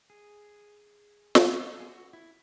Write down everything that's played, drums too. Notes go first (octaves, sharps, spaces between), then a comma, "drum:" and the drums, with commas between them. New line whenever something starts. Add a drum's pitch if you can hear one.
G#4
drum: snare
G#4
F#4
E4